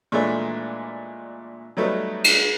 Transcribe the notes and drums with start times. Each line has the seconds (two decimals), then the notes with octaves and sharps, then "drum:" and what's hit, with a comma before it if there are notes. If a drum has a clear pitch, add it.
0.12 A#2 E3 G#3 A3 D4
1.77 F#3 G3 A3 B3 D#4
2.24 drum: cymbal